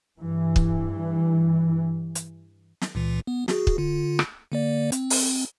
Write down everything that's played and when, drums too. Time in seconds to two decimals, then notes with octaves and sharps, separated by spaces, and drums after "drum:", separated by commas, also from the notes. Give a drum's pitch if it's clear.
0.19 G2 E3
0.56 drum: kick
2.15 drum: hi-hat
2.81 drum: snare
2.95 C#2 A#2 E3
3.27 B3
3.48 F#4 G#4, drum: snare
3.67 drum: kick
3.78 D3 F4
4.19 drum: rim click
4.52 D3 A#3 D5
4.92 C4, drum: hi-hat
5.10 drum: open hi-hat